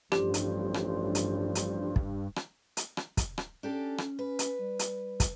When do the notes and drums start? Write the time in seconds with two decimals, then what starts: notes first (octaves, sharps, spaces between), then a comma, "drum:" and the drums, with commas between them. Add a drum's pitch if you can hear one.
0.12 A1 G2 F3 D4 G4 C5, drum: rim click
0.34 drum: hi-hat
0.74 drum: rim click
1.15 drum: hi-hat
1.55 drum: hi-hat
1.96 drum: kick
2.36 drum: rim click
2.77 drum: hi-hat
2.97 drum: rim click
3.17 drum: kick, hi-hat
3.38 drum: rim click
3.63 C#4 D4 G4 A4
3.98 drum: rim click
4.19 B4
4.39 drum: hi-hat
4.59 G3
4.79 drum: hi-hat
5.20 drum: kick, hi-hat